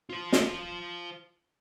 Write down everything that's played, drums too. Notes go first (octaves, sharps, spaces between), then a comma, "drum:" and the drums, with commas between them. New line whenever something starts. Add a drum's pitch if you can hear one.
F4 C5
drum: snare